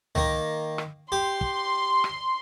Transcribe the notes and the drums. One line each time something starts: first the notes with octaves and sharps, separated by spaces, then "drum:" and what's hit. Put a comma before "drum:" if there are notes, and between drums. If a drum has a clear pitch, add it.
D#3 A#3, drum: tom C#2
drum: rim click
G4 C6
drum: kick
drum: rim click